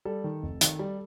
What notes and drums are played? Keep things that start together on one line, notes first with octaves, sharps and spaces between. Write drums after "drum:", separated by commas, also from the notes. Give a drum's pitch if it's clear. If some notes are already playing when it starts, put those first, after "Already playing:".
G3 A4
D#3
F1
D#3, drum: hi-hat
G3